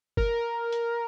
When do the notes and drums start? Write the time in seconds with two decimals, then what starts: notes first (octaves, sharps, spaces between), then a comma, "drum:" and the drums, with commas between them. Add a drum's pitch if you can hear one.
0.17 A#4, drum: kick
0.72 drum: hi-hat